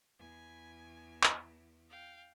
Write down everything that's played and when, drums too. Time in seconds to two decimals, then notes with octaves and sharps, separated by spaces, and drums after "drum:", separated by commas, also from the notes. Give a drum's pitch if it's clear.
0.19 E2 G#5
1.23 drum: clap
1.89 F5 G5